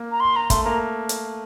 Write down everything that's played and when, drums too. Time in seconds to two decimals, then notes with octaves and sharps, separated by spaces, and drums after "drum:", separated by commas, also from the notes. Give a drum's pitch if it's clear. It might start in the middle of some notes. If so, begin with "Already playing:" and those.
Already playing: A#3
0.12 A#5
0.20 C6
0.36 A#5
0.50 A3 C6, drum: kick, hi-hat
0.64 A#3 A#5
1.09 drum: hi-hat